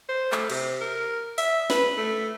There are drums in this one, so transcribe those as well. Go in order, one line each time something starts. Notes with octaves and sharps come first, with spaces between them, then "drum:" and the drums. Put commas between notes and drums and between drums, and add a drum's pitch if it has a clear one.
C5
A3, drum: clap
C3, drum: cymbal
A#4
E5, drum: open hi-hat
B4, drum: snare
A3